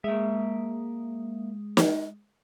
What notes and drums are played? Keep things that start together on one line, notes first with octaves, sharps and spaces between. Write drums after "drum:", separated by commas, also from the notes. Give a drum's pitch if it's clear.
G#3 A#3 E5
drum: snare